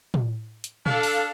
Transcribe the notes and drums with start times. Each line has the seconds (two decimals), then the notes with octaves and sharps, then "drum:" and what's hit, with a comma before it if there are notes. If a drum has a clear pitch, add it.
0.14 drum: tom
0.64 drum: hi-hat
0.86 D4 A4 F5, drum: tom A#2
1.03 drum: open hi-hat